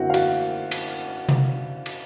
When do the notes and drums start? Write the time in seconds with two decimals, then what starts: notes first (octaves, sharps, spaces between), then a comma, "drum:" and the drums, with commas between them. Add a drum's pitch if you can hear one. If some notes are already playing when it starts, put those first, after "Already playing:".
Already playing: F#2 D3 A#3 C4 E4 F#4 F#5
0.10 F5
0.14 F#4 F#5, drum: cymbal
0.71 drum: cymbal
1.29 drum: tom C3
1.86 drum: cymbal